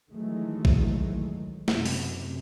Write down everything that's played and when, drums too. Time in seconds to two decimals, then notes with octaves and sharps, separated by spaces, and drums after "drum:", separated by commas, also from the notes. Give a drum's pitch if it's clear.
0.10 G2 D#3 E3 F#3 G#3 A3
0.65 drum: kick
1.68 F#2 C3, drum: snare
1.86 drum: open hi-hat